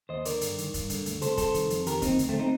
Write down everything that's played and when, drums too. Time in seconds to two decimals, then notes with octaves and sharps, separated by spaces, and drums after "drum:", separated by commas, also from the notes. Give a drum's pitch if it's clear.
0.09 D#2 C5 D#5
0.25 D3 A#4 D5, drum: hi-hat
0.41 G2, drum: hi-hat
0.58 D#3, drum: hi-hat
0.74 G2, drum: kick, hi-hat
0.90 D3, drum: hi-hat
1.06 D2, drum: hi-hat
1.22 C2 A4 C5, drum: hi-hat
1.37 C2 A4 C5, drum: kick, hi-hat
1.54 D#3, drum: hi-hat
1.70 F2, drum: hi-hat
1.86 D#3 G4 A#4, drum: hi-hat
2.02 D#2 C4 D#4, drum: kick, hi-hat
2.19 D2, drum: hi-hat
2.29 A3 C4
2.39 C4 D#4